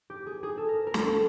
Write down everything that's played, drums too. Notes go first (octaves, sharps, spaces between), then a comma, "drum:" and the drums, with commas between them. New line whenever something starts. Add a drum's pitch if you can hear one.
G4
G#4
G#4
A4
A#4
A#4
A4, drum: snare
A4